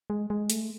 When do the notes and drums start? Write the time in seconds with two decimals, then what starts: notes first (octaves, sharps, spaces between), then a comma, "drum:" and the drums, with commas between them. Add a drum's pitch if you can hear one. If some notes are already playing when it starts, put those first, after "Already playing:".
0.10 G#3
0.30 G#3
0.50 A3, drum: hi-hat